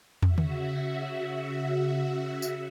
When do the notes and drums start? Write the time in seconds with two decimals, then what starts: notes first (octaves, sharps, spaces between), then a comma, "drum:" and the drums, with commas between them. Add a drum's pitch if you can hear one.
0.22 C#3 F#4 E5, drum: tom
0.38 drum: tom D3
2.42 drum: tambourine